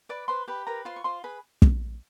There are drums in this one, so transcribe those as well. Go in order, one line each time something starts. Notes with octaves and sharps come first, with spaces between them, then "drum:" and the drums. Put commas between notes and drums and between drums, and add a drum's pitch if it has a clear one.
B4 D5 D6
B4 C5 C6
G4 B4 B5
A#4 B4 A#5
F4 C5 C6
C#6
F4 C5 C6
G#4 B4 B5
drum: kick